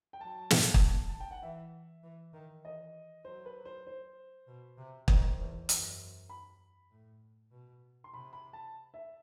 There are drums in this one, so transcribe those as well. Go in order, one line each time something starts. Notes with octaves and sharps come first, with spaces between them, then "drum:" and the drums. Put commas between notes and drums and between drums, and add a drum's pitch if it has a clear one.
G5
F#3 A5
drum: snare
drum: kick
A5
G5
F#5
E3 E5
E3
D#3
E3 D#5
F#3 C5
B4
C5
C5
B2
C3
D#3 C5, drum: kick
E2
F#2, drum: hi-hat
B5
A2
B2
C6
C3 B5
B5
A5
E5